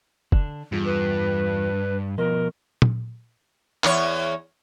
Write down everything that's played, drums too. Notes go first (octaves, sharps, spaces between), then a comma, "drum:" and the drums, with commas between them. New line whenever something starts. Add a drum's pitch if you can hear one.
D3 D4, drum: kick
E2 G2 F4 G#4
B4
B2 F3 A#4 D#5
drum: tom
E2 C#5, drum: clap